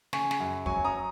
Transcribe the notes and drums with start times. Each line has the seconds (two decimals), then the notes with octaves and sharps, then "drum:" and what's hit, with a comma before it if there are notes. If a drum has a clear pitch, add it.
0.13 C#3 G#5 C#6, drum: snare
0.31 drum: snare
0.40 F#2
0.66 F#3 G#5 C#6, drum: kick
0.85 A#5 D#6